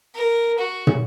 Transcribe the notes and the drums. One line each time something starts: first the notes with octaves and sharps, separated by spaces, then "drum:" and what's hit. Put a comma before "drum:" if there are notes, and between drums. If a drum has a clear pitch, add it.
A#4
F#4
drum: tom